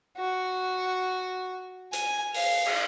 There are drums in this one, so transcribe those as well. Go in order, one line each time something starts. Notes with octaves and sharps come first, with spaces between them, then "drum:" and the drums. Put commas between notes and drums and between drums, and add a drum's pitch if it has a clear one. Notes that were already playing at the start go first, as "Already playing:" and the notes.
F#4
G#5, drum: hi-hat
F5, drum: open hi-hat
drum: cymbal